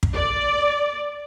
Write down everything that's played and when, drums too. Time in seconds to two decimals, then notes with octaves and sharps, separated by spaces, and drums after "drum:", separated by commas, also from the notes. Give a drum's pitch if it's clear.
0.03 drum: kick
0.14 D5